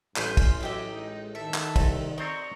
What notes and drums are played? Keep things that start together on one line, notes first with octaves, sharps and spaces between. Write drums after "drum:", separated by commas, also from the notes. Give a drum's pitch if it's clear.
A1 G2 B4 G#5 C6 F6 G6, drum: clap
drum: kick, cymbal
F#3 G#3 E4 G4 D#5 E5
G#3 D#4
D#3 A4 E5 A5
drum: clap
C2, drum: kick, cymbal
C4 C5 D5 D#5 A#5 C#6